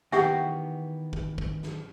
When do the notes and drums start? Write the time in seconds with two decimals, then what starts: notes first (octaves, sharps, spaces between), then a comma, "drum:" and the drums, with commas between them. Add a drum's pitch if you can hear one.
0.12 D#3 E3 B3 G4 E5 F#5 G5 C#6, drum: snare
1.13 drum: kick
1.38 drum: kick
1.63 drum: snare